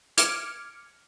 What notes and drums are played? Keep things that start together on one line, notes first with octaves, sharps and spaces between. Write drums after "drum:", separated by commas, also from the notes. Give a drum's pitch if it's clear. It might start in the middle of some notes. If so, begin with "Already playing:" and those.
D6 F6 G#6 C#7 D7, drum: hi-hat